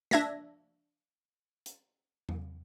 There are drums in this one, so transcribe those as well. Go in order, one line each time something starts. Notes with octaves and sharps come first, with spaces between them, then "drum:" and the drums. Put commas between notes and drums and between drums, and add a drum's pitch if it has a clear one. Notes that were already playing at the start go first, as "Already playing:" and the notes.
D4 E5 G#6 A#6, drum: snare
drum: hi-hat
drum: tom E2